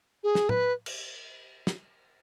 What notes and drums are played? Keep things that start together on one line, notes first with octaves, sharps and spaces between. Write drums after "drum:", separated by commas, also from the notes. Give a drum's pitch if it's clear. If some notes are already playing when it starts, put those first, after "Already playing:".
G#4
drum: snare
B4, drum: tom A2
drum: cymbal
drum: snare